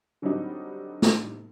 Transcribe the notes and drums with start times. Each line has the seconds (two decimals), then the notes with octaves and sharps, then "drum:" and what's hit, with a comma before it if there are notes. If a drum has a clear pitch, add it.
0.22 D3 F#3 G3 C4 D4 D#4
1.02 drum: snare